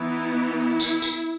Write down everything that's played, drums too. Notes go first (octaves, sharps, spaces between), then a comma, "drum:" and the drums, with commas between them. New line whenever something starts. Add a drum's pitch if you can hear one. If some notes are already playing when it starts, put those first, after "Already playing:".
Already playing: E3 B3 D#4 E4
E4
drum: tambourine
drum: tambourine